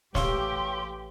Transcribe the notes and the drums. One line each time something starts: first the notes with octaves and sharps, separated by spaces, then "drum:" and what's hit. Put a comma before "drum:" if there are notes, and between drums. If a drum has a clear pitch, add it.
A1 E3 G4 C#5 F5 C6 E6, drum: snare